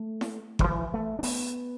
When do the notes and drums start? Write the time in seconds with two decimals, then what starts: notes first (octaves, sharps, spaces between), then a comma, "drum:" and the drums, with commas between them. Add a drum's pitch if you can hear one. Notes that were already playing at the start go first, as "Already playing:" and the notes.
Already playing: A3
0.21 drum: snare E4
0.59 D3, drum: kick G1
0.64 E3
0.94 A3
1.19 D4
1.23 B3, drum: open hi-hat